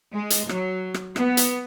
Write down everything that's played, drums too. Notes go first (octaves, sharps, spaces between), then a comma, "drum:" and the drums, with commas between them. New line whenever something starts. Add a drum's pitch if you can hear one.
G#3
drum: hi-hat
F#3, drum: rim click
drum: rim click
B3, drum: rim click
drum: hi-hat